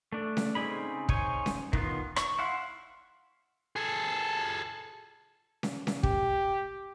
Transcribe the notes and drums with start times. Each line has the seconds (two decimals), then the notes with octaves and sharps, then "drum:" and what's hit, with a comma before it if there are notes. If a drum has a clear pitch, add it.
0.12 A3 D4
0.37 drum: snare C#4
0.55 C#3 C4 D#4 G#4 B5
1.09 D#4 C5 C#5 G#5 C#6, drum: kick
1.46 drum: snare C#4
1.73 D#3 B3 F4, drum: kick
2.16 C#6, drum: rim click
2.39 E4 F5 F#5 C6
3.76 G#4 A4
5.63 drum: snare C#4
5.87 drum: snare C#4
6.03 G4, drum: kick